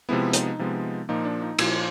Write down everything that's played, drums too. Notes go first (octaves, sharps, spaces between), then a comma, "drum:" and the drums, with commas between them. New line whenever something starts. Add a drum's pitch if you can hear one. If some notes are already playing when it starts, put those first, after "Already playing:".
C3 F3 G#3 B3 E4
D#4, drum: hi-hat
C3 F3 G#3 B3
A#2 F3 A#3 D#4
D4
D#4
A#2 F3 A#3, drum: cymbal